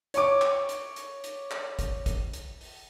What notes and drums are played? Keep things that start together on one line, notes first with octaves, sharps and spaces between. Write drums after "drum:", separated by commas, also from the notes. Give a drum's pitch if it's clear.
C#5 C#6 D6, drum: hi-hat
drum: clap
drum: hi-hat
drum: hi-hat
drum: hi-hat
drum: clap
drum: kick, hi-hat
drum: kick, hi-hat
drum: hi-hat
drum: open hi-hat